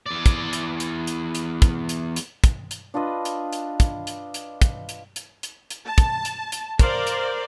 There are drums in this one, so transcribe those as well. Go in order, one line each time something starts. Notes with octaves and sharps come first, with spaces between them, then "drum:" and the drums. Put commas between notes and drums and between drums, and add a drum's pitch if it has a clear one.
E2 D5
drum: kick, hi-hat
drum: hi-hat
drum: hi-hat
drum: hi-hat
drum: hi-hat
drum: kick, hi-hat
drum: hi-hat
drum: hi-hat
drum: kick, hi-hat
drum: hi-hat
D4 F4 B4 D#5
drum: hi-hat
drum: hi-hat
drum: kick, hi-hat
drum: hi-hat
drum: hi-hat
drum: kick, hi-hat
drum: hi-hat
drum: hi-hat
drum: hi-hat
drum: hi-hat
A5
drum: kick, hi-hat
drum: hi-hat
drum: hi-hat
A#4 C5 D5 F5, drum: kick, hi-hat
drum: hi-hat